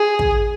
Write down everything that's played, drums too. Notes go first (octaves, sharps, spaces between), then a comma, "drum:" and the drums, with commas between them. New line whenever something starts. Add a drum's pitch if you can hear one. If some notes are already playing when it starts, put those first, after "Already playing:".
Already playing: G#4
drum: kick